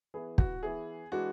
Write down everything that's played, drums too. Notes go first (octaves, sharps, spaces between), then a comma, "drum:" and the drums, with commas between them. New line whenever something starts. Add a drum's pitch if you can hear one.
E3 B3 E4 G#4
F#4, drum: kick
E3 B3 E4 G#4
E3 G#3 D4 F#4